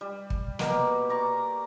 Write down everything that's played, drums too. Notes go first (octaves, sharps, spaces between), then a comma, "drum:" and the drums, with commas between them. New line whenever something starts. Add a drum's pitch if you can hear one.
G3
drum: kick
B2 A#3 A#4, drum: snare
D5 A#5 C#6